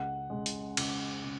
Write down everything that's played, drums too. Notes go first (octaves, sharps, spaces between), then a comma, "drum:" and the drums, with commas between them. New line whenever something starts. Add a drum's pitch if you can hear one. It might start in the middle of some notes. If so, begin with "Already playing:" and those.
Already playing: C#2 F#5
C#3 G#3
drum: hi-hat
C#2, drum: cymbal
C#3